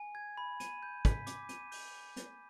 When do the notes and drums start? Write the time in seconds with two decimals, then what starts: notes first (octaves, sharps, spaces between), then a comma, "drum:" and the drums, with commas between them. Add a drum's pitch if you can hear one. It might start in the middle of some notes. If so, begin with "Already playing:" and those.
Already playing: G#5
0.15 G#6
0.37 B5
0.60 D#7, drum: hi-hat
0.83 G6
1.05 B6, drum: kick, hi-hat
1.27 D6, drum: hi-hat
1.49 D#7, drum: hi-hat
1.72 G6, drum: open hi-hat
2.17 drum: hi-hat